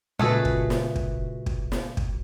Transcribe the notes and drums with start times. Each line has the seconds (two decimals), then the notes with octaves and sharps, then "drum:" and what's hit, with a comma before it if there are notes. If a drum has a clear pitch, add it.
0.19 A#2 C#3 G#3 A3 F#4 G#4 A4 B4
0.45 drum: kick
0.70 drum: snare
0.96 drum: kick
1.46 drum: kick
1.72 drum: snare
1.97 drum: kick